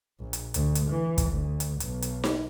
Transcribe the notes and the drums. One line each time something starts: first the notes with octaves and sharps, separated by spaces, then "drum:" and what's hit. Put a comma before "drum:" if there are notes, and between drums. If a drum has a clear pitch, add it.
A#1
drum: hi-hat
D2, drum: hi-hat
drum: hi-hat
E3
drum: kick, hi-hat
D2
drum: hi-hat
B1, drum: hi-hat
drum: hi-hat
drum: snare D#4